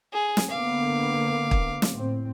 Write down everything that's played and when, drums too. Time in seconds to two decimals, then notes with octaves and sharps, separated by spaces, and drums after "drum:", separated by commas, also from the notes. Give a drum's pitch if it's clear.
0.13 G#4
0.37 drum: snare
0.50 D3 A#3 B3 F5 D6
1.51 drum: kick
1.82 drum: snare
1.92 A2 C4